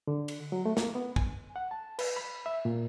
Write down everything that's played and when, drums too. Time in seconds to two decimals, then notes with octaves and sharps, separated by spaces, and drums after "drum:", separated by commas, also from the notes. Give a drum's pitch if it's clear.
0.07 D3
0.28 drum: cymbal
0.52 F#3
0.66 A3
0.77 A#3, drum: snare
0.95 B3
1.16 G#5, drum: kick
1.56 F#5
1.71 A5
1.99 B4, drum: cymbal
2.16 B5
2.46 E5
2.65 A#2